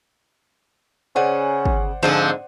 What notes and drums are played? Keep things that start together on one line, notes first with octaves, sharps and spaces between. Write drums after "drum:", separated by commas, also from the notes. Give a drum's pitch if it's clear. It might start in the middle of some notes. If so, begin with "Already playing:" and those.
C#3 C#4 C5 D5 F#5 G#5
drum: kick
G#2 D3 F3 C4 F4 G#4